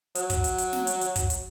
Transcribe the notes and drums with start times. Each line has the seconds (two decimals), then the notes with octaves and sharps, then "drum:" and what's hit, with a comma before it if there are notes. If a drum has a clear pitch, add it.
0.15 F#3, drum: hi-hat
0.30 drum: kick, hi-hat
0.44 drum: hi-hat
0.58 drum: hi-hat
0.73 drum: snare
0.87 drum: hi-hat
1.01 drum: hi-hat
1.16 drum: kick, hi-hat
1.30 drum: hi-hat